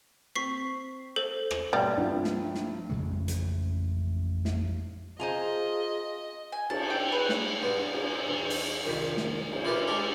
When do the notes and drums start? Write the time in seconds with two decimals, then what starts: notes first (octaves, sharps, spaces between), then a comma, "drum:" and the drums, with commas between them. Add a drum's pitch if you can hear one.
0.36 C4 C#6 B6 C7
1.16 A4 C5 F#7
1.51 drum: rim click
1.73 B2 G3
1.97 C2 G2 F3
2.24 drum: snare
2.55 drum: snare
2.90 A1 F2 C#3 G#3
3.28 drum: hi-hat
4.45 drum: snare
5.20 F4 G#4 C5 D#5 G#5 A#5
6.52 G#5
6.70 A5, drum: cymbal
6.90 G5
7.12 B4
7.29 drum: snare
7.62 G2 B3 C4
7.94 drum: cymbal
8.27 E2
8.50 drum: open hi-hat
8.86 C2 F2 D#3 B5
9.17 drum: snare
9.52 drum: cymbal
9.65 E4 F4 G4 A#4 B4
9.88 G#3 C#4 D4 G4 A4